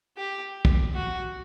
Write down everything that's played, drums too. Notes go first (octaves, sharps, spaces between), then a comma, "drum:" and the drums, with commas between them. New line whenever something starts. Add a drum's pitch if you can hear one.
G4
drum: kick
F#4